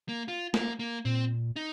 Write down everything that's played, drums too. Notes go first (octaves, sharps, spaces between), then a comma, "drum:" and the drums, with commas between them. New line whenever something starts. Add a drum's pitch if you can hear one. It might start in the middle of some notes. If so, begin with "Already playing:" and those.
A#3
F4
A#3, drum: snare
A#3
A#2 C4
D#4